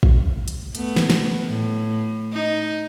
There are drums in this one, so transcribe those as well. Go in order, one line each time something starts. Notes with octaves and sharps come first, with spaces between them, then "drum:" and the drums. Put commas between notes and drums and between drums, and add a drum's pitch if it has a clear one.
drum: kick
drum: hi-hat
A3 B3, drum: hi-hat
drum: snare
drum: snare
A2
D#4